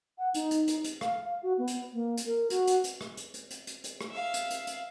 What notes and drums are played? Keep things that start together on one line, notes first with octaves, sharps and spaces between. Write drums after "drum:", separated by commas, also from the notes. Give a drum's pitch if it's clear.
F#5
D#4, drum: hi-hat
drum: hi-hat
drum: hi-hat
drum: hi-hat
F5, drum: rim click
F5
F#4
B3
drum: hi-hat
A#3
drum: hi-hat
A#4
F#4, drum: hi-hat
drum: hi-hat
drum: hi-hat
drum: rim click
drum: hi-hat
drum: hi-hat
drum: hi-hat
drum: hi-hat
drum: hi-hat
drum: rim click
E5 F5
drum: hi-hat
drum: hi-hat
drum: hi-hat